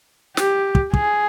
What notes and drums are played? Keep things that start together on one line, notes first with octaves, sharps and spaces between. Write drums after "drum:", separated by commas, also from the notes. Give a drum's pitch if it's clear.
G4, drum: snare
drum: kick
G#4, drum: kick